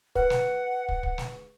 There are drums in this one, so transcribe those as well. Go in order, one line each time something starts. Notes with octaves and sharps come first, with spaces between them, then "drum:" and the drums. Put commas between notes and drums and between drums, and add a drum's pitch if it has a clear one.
B4 F#5, drum: kick
drum: snare
drum: kick
drum: kick
drum: snare